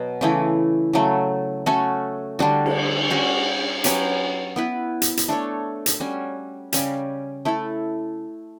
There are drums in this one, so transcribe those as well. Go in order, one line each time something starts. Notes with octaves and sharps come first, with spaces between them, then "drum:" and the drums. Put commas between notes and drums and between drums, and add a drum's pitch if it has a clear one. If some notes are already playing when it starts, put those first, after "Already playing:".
Already playing: B2 F#3 B3
C#3 E3 A3 E4
C#3 F#3 A3
A3 C#4 F#4 A4
D3 G3 D4 F#4
drum: cymbal
G3 C#4 F#4
F#3 C#4 G4 B4, drum: hi-hat
B3 E4 B4
drum: hi-hat
drum: hi-hat
A3 D4 A4 C#5
drum: hi-hat
G3 C#4 F#4
C#3 G3 C#4 G4, drum: hi-hat
A3 E4 A4